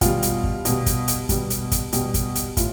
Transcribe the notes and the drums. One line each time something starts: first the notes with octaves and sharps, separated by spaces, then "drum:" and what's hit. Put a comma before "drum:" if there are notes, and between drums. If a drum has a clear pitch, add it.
B2 G3 F4, drum: kick, hi-hat
drum: hi-hat
drum: kick
B2 G3, drum: hi-hat
drum: kick, hi-hat
drum: hi-hat
B2 G3, drum: kick, hi-hat
drum: hi-hat
drum: kick, hi-hat
B2 G3, drum: hi-hat
drum: kick, hi-hat
drum: hi-hat
A2 F4, drum: kick, hi-hat